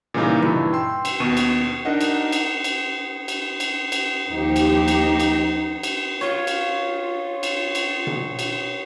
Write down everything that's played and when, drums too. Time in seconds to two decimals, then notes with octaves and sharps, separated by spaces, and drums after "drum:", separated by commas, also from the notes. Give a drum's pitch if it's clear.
0.14 A#2 C#3 E3 G3 A#3 D#4
0.42 G2 E3, drum: tom B2
0.73 G5 C6 E6
1.05 drum: cymbal
1.20 D#2 B2 C#6 D#7
1.37 drum: cymbal
1.85 D4 D#4 A#4 D#5 F#5
2.01 drum: cymbal
2.32 drum: cymbal
2.64 drum: cymbal
3.28 drum: cymbal
3.60 drum: cymbal
3.92 drum: cymbal
4.30 D#2 F3 D#4 G4
4.56 drum: cymbal
4.88 drum: cymbal
5.20 drum: cymbal
5.83 drum: cymbal
6.21 F4 C#5 F5
6.47 drum: cymbal
7.43 drum: cymbal
7.75 drum: cymbal
8.07 drum: tom B2
8.39 drum: cymbal